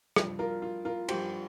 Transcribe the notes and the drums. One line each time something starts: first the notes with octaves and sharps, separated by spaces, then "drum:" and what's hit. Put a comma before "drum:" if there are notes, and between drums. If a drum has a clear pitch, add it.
G2 F3, drum: rim click
F4 A#4
F4
F4 A#4
G2 F3 G4 C5, drum: cymbal